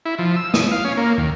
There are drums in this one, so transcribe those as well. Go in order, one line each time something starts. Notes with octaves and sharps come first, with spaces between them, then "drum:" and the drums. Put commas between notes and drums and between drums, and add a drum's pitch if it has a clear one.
E4
F3
E6
D#6, drum: snare
F5
C#4
A#3
D#2